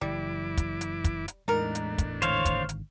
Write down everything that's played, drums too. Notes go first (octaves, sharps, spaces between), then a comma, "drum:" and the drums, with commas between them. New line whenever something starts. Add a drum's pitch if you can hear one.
F#1 E3 G3 E4 D6
drum: kick, hi-hat
drum: hi-hat
drum: kick, hi-hat
drum: hi-hat
E2 A2 G#3 D4 D#4 A#4
drum: hi-hat
drum: kick, hi-hat
G#1 G#2 D3 C5 C#5 F5, drum: hi-hat
drum: kick, hi-hat
drum: hi-hat